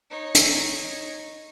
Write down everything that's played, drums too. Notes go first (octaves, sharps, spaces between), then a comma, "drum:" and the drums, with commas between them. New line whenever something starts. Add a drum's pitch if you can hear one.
D#4 C#5
drum: hi-hat